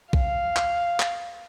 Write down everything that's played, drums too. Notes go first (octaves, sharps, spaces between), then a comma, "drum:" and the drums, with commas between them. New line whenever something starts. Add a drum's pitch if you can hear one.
F5, drum: kick A#1
drum: clap
drum: clap